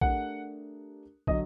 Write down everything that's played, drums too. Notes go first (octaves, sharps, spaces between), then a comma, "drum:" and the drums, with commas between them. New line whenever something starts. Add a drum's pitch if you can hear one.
A3 D4 G4 A#4 F#5, drum: kick
D3 F#3 D#5, drum: kick